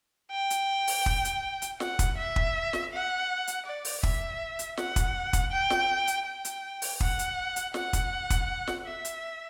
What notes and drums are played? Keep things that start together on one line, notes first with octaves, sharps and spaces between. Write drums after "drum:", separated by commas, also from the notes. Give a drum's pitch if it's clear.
G5
drum: hi-hat
drum: open hi-hat
drum: kick
drum: hi-hat
drum: hi-hat
F#5, drum: snare
drum: kick, hi-hat
E5
drum: kick
drum: snare
F#5
drum: hi-hat
D5
drum: open hi-hat
E5, drum: kick
drum: hi-hat
F#5, drum: snare
drum: kick, hi-hat
drum: kick, hi-hat
G5
drum: snare
drum: hi-hat
G5
drum: hi-hat
drum: open hi-hat
F#5, drum: kick
drum: hi-hat
drum: hi-hat
F#5, drum: snare
drum: kick, hi-hat
drum: kick, hi-hat
drum: snare
E5
drum: hi-hat